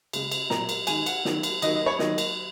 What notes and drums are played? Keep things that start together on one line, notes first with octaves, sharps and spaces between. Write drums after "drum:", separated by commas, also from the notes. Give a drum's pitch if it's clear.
C#3 G#3, drum: cymbal
drum: cymbal
A#2 F#3 A#3 A#5, drum: snare
drum: cymbal
D#3 G#3 G#5, drum: cymbal
F#5, drum: cymbal
D#3 F#3 A#3, drum: snare
drum: cymbal
D#3 F#3 A#3 D#5, drum: cymbal
D#5
C#5
D#3 F#3 A#3 D#5, drum: snare
drum: cymbal